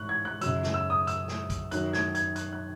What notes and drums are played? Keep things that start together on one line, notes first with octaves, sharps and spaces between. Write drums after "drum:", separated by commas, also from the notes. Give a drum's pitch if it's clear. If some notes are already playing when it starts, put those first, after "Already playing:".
Already playing: G#2 E3 C#6 F#6
G#6
F#6
F#2 C#3 F#3 E6, drum: hi-hat
drum: snare
E6
D#6
E6, drum: hi-hat
drum: snare
drum: kick, hi-hat
F#2 D#3 F#3 F#6, drum: hi-hat
G#6, drum: snare
G#6, drum: hi-hat
F#6, drum: hi-hat
F#6